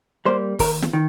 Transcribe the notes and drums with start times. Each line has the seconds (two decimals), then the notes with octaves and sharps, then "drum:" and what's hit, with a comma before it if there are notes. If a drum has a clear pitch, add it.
0.25 G3 A#3 C5
0.59 D#2 A#4, drum: kick, open hi-hat
0.82 drum: snare
0.93 D#3